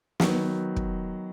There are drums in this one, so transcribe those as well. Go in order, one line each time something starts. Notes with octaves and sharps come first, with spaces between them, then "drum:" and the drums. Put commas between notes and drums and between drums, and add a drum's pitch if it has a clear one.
D#3 F#3 B3, drum: snare
drum: kick